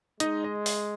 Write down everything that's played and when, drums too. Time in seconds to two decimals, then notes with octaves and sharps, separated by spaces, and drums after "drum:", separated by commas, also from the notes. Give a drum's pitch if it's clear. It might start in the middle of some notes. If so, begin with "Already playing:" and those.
0.20 G#3 D#4 D#5, drum: hi-hat
0.44 D#5
0.66 drum: open hi-hat